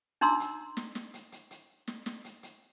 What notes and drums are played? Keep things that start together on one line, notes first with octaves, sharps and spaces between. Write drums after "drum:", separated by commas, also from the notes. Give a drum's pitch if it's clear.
D4 D#4 A#5 C6 D6 E6, drum: hi-hat
drum: hi-hat
drum: snare
drum: snare
drum: hi-hat
drum: hi-hat
drum: hi-hat
drum: snare
drum: snare
drum: hi-hat
drum: hi-hat